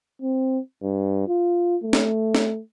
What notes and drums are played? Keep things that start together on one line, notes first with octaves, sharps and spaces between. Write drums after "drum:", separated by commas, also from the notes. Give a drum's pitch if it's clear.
C4
G2
F4
A3
drum: snare
drum: snare